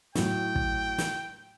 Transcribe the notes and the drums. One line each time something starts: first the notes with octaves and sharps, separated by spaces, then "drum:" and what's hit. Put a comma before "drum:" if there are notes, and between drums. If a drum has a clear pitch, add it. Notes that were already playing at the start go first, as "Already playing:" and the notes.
A2 F#3 G5, drum: snare
drum: kick
drum: snare